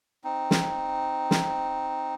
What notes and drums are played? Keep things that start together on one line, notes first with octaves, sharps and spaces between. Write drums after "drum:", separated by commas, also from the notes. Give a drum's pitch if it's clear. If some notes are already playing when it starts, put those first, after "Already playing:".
C4 D#4
drum: snare
drum: snare